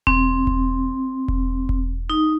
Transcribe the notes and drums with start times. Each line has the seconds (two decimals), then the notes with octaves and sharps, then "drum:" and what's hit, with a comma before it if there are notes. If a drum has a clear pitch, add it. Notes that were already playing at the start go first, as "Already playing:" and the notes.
0.07 C4, drum: kick E1
0.47 drum: kick E1
1.28 drum: kick E1
1.69 drum: kick E1
2.10 D#4